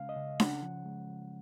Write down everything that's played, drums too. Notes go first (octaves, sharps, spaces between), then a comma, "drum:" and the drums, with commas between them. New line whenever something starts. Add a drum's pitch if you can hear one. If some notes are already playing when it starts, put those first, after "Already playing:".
Already playing: C#3 G#3 C#4 F5
D#5
C#3
C#4 F#5, drum: snare D4
F3
G#3
F3